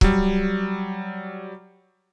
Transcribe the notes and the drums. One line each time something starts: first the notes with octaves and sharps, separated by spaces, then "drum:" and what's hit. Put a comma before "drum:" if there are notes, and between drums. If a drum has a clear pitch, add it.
F#3 G3, drum: kick